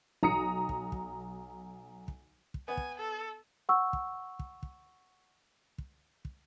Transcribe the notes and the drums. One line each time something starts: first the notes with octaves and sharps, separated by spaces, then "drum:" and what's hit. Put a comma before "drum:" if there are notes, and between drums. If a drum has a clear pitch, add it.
B1 A#5 D#6 C#7, drum: kick
drum: kick
drum: kick
drum: kick
drum: kick
B3 G#5
drum: kick
A4
F#5 C#6 E6
drum: kick
drum: kick
drum: kick
drum: kick
drum: kick